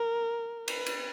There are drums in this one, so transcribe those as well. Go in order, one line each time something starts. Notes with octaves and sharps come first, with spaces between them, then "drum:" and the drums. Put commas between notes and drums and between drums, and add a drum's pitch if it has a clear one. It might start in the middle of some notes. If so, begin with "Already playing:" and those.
Already playing: A#4
B4, drum: cymbal
drum: cymbal